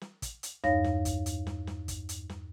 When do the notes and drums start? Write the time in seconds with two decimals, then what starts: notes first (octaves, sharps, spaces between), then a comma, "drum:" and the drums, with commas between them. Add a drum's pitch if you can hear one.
0.01 drum: snare
0.22 drum: kick, hi-hat
0.43 drum: hi-hat
0.64 E2 G2 D#4 C#5 F5 A#6, drum: snare
0.84 drum: snare
1.05 drum: kick, hi-hat
1.26 drum: hi-hat
1.47 drum: snare
1.67 drum: snare
1.88 drum: kick, hi-hat
2.09 drum: hi-hat
2.29 drum: snare